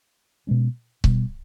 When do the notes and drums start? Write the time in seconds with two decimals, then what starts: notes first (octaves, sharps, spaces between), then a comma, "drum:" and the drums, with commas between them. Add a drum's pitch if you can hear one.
0.47 B2 G#3 C#4
1.04 B2 G3 B3, drum: kick C#1